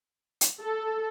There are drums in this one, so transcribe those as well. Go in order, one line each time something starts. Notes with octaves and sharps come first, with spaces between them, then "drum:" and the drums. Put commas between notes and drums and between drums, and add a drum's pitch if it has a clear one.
drum: hi-hat
A4